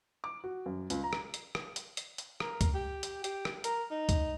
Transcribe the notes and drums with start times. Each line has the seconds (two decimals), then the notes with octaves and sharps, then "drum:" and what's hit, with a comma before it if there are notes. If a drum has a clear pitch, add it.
0.24 D6
0.44 F#4
0.66 F#2
0.90 C#2, drum: hi-hat
1.04 A#5
1.13 drum: rim click
1.34 drum: hi-hat
1.55 drum: rim click
1.76 drum: hi-hat
1.97 drum: hi-hat
2.18 drum: hi-hat
2.40 A#4, drum: rim click
2.61 drum: kick, hi-hat
2.74 G4
3.03 drum: hi-hat
3.24 G4, drum: hi-hat
3.45 drum: rim click
3.64 A#4, drum: hi-hat
3.91 D#4
4.09 drum: kick, hi-hat